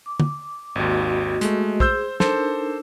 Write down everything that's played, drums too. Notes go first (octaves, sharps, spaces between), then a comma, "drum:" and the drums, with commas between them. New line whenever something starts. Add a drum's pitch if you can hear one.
D6
drum: tom
G#1 D#2 A#3 F#4 D#5
G#3 A3, drum: hi-hat
G#4 C5 E6 G6, drum: kick B1
D4 D#4 A4 A#4 C5, drum: snare